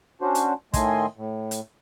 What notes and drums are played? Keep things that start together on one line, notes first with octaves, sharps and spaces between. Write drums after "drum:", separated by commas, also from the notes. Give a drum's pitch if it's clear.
C#4 D4 F#4 C5
drum: hi-hat
A2 D#3 A3 D#5 G#5 C6, drum: kick, hi-hat
A2
drum: hi-hat